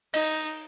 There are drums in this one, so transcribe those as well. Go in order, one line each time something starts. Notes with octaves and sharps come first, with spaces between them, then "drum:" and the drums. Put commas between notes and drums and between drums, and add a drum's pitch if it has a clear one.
D#4 D#5, drum: cymbal